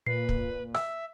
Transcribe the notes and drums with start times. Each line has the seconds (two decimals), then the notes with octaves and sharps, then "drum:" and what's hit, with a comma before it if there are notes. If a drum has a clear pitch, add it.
0.07 A#2 B4 C7
0.29 drum: kick
0.75 E5 E6, drum: rim click